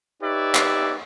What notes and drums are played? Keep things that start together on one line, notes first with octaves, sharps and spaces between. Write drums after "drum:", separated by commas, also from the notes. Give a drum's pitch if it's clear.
D#4 G4 B4 C#5 D5 E5
drum: clap